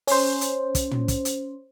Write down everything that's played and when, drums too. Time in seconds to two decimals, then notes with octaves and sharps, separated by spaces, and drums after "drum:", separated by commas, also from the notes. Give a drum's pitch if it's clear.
0.07 C#4 C5, drum: open hi-hat
0.41 drum: hi-hat
0.75 drum: kick, hi-hat
0.91 drum: tom
1.08 drum: kick, hi-hat
1.25 drum: hi-hat